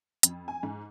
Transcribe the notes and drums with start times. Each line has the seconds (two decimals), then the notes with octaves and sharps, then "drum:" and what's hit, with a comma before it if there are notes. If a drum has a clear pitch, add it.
0.23 F2, drum: hi-hat
0.48 G#5
0.63 G#2